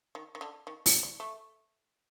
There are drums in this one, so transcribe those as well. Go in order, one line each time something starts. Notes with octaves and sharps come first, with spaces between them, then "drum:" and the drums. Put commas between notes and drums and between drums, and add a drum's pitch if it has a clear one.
D#3
D#3
D3
D#3
F3, drum: open hi-hat
G3
A3